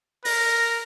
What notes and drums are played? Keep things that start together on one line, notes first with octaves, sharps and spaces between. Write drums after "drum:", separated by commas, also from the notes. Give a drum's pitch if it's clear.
A#4 A#6, drum: open hi-hat